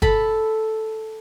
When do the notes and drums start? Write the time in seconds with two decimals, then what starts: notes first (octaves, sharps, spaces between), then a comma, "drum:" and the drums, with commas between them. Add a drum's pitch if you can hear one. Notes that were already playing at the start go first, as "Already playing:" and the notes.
0.02 A4 B5, drum: kick